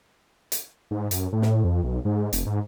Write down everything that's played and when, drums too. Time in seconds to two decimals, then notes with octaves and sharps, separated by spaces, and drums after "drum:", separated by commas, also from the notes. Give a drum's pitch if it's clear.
0.52 drum: hi-hat
0.91 G#2
1.11 F#2, drum: hi-hat
1.32 A2
1.42 drum: snare
1.64 F2
1.84 B1
2.05 G#2
2.33 F1, drum: hi-hat
2.46 G#2